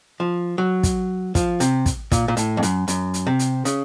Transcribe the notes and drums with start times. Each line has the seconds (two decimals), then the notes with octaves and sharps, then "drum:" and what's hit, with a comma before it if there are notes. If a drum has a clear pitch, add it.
0.20 F3
0.58 F#3
0.83 drum: kick, hi-hat
1.35 F3, drum: kick, hi-hat
1.60 C3, drum: hi-hat
1.86 drum: kick, hi-hat
2.12 A#2, drum: kick, hi-hat
2.28 A#2
2.37 A2, drum: hi-hat
2.57 F2
2.63 F#2, drum: hi-hat
2.88 F#2, drum: hi-hat
3.14 drum: hi-hat
3.27 C3
3.39 drum: hi-hat
3.65 C#3, drum: hi-hat